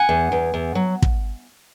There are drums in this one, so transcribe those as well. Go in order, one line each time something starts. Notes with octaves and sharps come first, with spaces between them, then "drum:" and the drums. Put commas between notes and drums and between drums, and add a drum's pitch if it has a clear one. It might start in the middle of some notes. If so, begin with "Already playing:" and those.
Already playing: F#5 G#5
E2
E2
E2
F#3
drum: kick